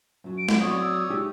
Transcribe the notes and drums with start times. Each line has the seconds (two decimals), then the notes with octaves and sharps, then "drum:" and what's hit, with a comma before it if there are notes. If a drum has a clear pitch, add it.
0.24 F#2 F#3
0.38 D7
0.49 drum: snare
0.60 F#3 C4 F#4 C#5 D5 D#6
0.81 E6
1.09 G#3 D#4 G4